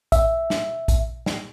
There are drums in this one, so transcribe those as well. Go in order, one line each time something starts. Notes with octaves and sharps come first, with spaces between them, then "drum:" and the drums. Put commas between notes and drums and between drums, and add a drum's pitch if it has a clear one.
E5, drum: kick A#1, hi-hat
drum: snare
drum: kick A#1, hi-hat
drum: snare